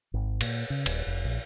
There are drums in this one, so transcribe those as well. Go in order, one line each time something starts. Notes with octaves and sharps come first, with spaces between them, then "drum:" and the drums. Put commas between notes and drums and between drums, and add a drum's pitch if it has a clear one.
G#1
A#2, drum: cymbal
C#3
D#1, drum: cymbal
F1
A#1